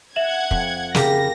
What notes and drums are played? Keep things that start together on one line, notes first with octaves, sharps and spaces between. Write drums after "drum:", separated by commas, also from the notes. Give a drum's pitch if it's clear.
E5 F#5 G#6 E7 F#7
F2, drum: kick
C#3 A#3 G4 A#6, drum: snare